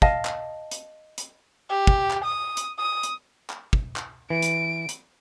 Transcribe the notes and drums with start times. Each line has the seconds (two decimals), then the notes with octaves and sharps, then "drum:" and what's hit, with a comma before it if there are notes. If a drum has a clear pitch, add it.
0.02 D#5 F5 A5, drum: kick
0.25 drum: clap
0.71 drum: hi-hat
1.18 drum: hi-hat
1.70 G4
1.87 drum: kick
2.11 drum: clap
2.25 D#6
2.57 drum: hi-hat
2.78 D#6
3.03 drum: hi-hat
3.50 drum: clap
3.73 drum: kick
3.96 drum: clap
4.30 E3 D7
4.42 drum: hi-hat
4.89 drum: hi-hat